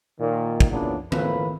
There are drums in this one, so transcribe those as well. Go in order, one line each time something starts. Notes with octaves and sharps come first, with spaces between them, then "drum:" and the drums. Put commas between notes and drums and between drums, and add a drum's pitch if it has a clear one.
A#2 D#3
drum: kick
A#2 C#3 E3 F#3 B3 D4
D2 A2 F3 A#3 B4, drum: tom D#3